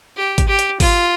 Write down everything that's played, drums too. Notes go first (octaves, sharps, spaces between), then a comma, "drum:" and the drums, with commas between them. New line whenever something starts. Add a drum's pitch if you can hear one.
G4
drum: kick G#1, hi-hat
G4
drum: hi-hat
F4, drum: kick G#1, open hi-hat